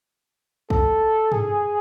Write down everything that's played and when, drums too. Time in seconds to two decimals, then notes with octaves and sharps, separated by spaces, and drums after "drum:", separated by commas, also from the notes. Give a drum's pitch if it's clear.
0.70 A4, drum: kick
1.32 G#4, drum: tom